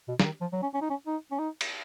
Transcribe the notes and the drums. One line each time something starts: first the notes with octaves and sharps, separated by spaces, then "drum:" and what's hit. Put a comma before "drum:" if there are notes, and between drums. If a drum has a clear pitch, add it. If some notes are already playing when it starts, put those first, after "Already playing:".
B2
C#3, drum: snare
D#3
F3
F#3
C#4
C#4
D#4
C#4
D#4
C#4
D#4
drum: cymbal